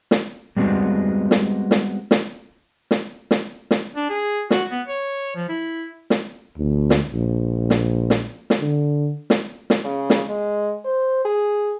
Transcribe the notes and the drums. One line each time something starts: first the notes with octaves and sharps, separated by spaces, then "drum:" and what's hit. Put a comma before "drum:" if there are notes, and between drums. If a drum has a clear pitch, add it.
drum: snare
G3 G#3 B3 C4 F#4
drum: snare
drum: snare
drum: snare
drum: snare
drum: snare
drum: snare
D4
G#4
F#4, drum: snare
B3
C#5
F3
E4
drum: snare
D2
drum: snare
A#1
drum: snare
drum: snare
drum: snare
D3
drum: snare
drum: snare
C#3
drum: snare
G#3
C5
G#4